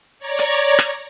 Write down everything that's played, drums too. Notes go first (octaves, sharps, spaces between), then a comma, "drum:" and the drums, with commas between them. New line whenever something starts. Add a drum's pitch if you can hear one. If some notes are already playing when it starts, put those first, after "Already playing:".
C#5 D5 A#5 G#6 A#6
drum: hi-hat
drum: rim click